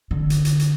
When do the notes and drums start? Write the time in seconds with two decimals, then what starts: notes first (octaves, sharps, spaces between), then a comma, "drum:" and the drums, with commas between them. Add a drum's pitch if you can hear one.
0.11 D3
0.30 drum: hi-hat
0.45 drum: hi-hat
0.59 drum: hi-hat